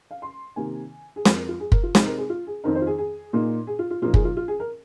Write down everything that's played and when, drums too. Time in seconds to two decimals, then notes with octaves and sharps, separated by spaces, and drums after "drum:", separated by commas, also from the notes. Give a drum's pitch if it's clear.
0.11 F5
0.22 C6
0.56 C3 D#3 A#3 G#5
1.16 G#4
1.25 F2 F3 G#3 A#4, drum: snare
1.37 A#4
1.49 F4
1.60 G#4
1.72 A#4, drum: kick
1.83 F4
1.95 C3 G#3 C4 D#4, drum: snare
2.06 A#4
2.18 G#4
2.30 F4
2.47 G#4
2.64 F2 D#3 C4 D#4 A#4
2.75 C5
2.82 F4
2.87 G#4
2.98 G#4
3.33 A#2 A#3 D#4
3.67 G#4
3.79 F4
3.90 F4
4.02 A#2 F3 A#3 D#4 F4
4.14 G#4, drum: kick
4.25 F4
4.37 F4
4.48 G#4
4.60 A#4